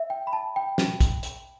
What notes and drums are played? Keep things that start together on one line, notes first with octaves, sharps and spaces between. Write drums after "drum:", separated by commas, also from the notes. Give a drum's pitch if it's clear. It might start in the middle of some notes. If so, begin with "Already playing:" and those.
Already playing: E5
G5
B5
A5
G5
drum: snare
drum: kick, hi-hat
drum: hi-hat